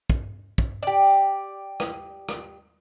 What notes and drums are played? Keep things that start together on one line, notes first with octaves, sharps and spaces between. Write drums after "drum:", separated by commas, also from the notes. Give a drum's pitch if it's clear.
drum: kick
drum: kick
G4 D5
drum: rim click
drum: rim click